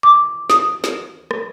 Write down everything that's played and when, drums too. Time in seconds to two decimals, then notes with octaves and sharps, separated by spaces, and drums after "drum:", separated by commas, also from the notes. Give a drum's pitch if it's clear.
0.03 D6
0.50 D#6, drum: snare
0.84 drum: snare
1.31 drum: rim click